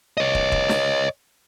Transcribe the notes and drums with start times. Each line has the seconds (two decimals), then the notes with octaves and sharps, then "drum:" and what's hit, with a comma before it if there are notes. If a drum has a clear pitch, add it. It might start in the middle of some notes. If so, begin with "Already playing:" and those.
0.17 C#5 D#5
0.35 drum: kick
0.52 drum: kick
0.69 drum: snare